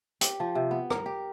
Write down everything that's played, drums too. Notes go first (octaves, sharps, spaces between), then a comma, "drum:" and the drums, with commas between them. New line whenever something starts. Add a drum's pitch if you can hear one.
G4, drum: hi-hat
F3
C3
B3
A#4, drum: rim click
G4